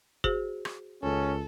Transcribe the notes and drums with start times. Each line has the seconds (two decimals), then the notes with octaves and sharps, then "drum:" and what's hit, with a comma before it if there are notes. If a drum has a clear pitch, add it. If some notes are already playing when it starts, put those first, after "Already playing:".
0.24 F#4 G#4 C5, drum: kick G1
0.65 drum: rim click
1.03 C#2 C#4 A4